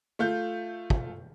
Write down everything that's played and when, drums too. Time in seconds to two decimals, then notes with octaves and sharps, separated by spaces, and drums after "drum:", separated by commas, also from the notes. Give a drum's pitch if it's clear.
0.19 A3 F4 G6
0.90 drum: kick